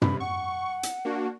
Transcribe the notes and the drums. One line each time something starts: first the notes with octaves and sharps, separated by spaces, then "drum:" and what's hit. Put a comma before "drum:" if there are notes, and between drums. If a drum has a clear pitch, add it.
G2 C3 B5, drum: tom
F#5 C#6
drum: hi-hat
A#3 D4 F#4